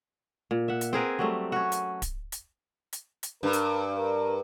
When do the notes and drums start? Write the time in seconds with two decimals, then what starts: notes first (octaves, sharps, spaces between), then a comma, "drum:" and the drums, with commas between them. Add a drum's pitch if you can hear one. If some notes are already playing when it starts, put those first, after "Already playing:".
0.51 A#2
0.68 E5 F#5
0.81 drum: hi-hat
0.93 C4 G#4 A#4 B4
1.19 F#3 G3 A3
1.52 C#4 F#4
1.72 drum: hi-hat
2.02 drum: kick D1, hi-hat
2.32 drum: hi-hat
2.93 drum: hi-hat
3.23 drum: hi-hat
3.43 G2 A#4
3.53 drum: hi-hat
3.97 A#4